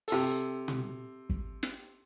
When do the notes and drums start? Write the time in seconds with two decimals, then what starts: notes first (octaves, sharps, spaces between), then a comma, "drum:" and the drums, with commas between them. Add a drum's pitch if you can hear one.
0.08 C3 A4, drum: open hi-hat
0.68 drum: tom
1.29 drum: kick
1.63 drum: snare